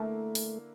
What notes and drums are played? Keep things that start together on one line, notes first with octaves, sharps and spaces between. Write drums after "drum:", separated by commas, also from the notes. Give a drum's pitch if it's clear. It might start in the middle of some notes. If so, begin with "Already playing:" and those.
Already playing: D3 A3 A#3 E4 A#4
drum: open hi-hat